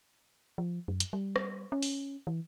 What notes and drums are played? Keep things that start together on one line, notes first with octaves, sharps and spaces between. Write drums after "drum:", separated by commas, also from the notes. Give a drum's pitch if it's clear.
F3
F#2
drum: hi-hat
G3
drum: rim click
C#4
drum: open hi-hat
E3